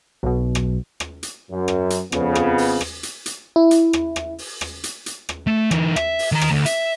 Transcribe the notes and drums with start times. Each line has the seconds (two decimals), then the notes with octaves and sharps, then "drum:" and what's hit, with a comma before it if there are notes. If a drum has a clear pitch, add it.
0.23 B1 B2
0.55 drum: rim click
1.00 drum: rim click
1.23 drum: hi-hat
1.51 F#2
1.68 drum: rim click
1.90 drum: hi-hat
2.12 F2 C#3 B3, drum: rim click
2.35 drum: rim click
2.58 drum: open hi-hat
2.81 drum: rim click
3.03 drum: hi-hat
3.26 drum: hi-hat
3.56 E4
3.71 drum: hi-hat
3.93 drum: rim click
4.16 drum: rim click
4.38 drum: open hi-hat
4.61 drum: rim click
4.84 drum: hi-hat
5.06 drum: hi-hat
5.29 drum: rim click
5.47 A3
5.71 E3 D#4, drum: rim click
5.96 E5, drum: rim click
6.19 drum: open hi-hat
6.32 D#3 A#5
6.41 drum: rim click
6.51 D2
6.66 E5, drum: hi-hat